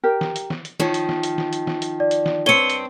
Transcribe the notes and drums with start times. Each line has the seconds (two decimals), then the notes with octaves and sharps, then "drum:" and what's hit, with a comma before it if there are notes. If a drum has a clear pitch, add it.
0.04 G4 A#4
0.21 drum: snare
0.36 drum: hi-hat
0.50 drum: snare
0.65 drum: hi-hat
0.80 D#3 F3 C#5, drum: snare
0.94 drum: hi-hat
1.09 drum: snare
1.23 drum: hi-hat
1.38 drum: snare
1.53 drum: hi-hat
1.67 drum: snare
1.82 drum: hi-hat
2.00 D5
2.11 drum: hi-hat
2.26 drum: snare
2.46 G2 C4 C#5 C#7 D#7 G7
2.70 drum: hi-hat